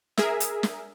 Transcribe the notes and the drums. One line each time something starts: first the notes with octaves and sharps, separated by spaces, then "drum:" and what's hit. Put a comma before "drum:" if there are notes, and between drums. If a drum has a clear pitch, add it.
G#4 A#4 E5, drum: snare
drum: hi-hat
drum: snare